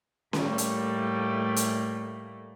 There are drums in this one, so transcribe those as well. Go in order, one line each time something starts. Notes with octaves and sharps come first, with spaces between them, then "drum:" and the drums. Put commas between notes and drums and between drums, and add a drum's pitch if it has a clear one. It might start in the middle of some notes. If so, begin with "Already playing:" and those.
A2 G3 A3 A#3, drum: snare C#4
drum: hi-hat
drum: hi-hat